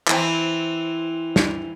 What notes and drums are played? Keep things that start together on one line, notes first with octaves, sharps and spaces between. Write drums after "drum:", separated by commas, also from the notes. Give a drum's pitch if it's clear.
E3 C4 E4, drum: clap
drum: snare